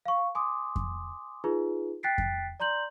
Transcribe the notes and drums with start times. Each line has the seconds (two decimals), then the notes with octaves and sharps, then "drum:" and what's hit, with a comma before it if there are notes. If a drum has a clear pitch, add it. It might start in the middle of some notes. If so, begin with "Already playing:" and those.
0.06 F5 C#6
0.35 G#5 C6 D6 D#6
0.76 drum: kick F2
1.44 D#4 F4 G#4 B4
2.03 G5 F#6 A6 B6 C7 D7
2.18 drum: kick F2
2.60 D5 A#5 C6 G6 F#7